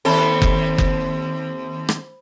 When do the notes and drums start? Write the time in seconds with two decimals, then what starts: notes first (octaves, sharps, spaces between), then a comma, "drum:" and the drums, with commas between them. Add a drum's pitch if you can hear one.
0.05 D#2 C4 A4 C5 B5
0.42 drum: kick F#1
0.78 drum: kick F#1
1.89 drum: rim click